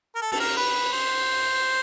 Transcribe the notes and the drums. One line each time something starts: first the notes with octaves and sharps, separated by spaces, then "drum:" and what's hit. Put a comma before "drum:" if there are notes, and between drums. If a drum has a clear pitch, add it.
A#4
A4
A4, drum: cymbal
A#4
B4
C5